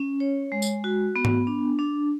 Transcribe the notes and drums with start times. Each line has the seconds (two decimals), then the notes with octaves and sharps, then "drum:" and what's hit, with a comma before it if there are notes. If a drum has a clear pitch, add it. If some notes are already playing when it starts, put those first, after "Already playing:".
Already playing: C#4
0.20 C#5
0.52 G#3
0.62 drum: tambourine
0.84 F#4
1.16 B3
1.25 drum: tom G#2
1.47 D4
1.79 D4